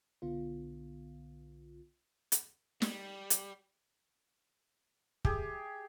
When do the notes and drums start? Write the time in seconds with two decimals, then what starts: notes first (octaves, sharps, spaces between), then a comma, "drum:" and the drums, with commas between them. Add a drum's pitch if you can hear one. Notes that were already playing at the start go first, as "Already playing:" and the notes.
0.22 B1 D3 B3 F4
2.32 drum: hi-hat
2.82 G3, drum: snare
3.30 drum: hi-hat
5.25 G4 G#4, drum: kick